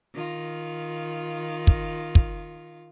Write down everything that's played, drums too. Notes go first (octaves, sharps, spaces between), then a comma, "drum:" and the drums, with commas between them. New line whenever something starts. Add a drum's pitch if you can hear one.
D#3 F4
drum: kick
drum: kick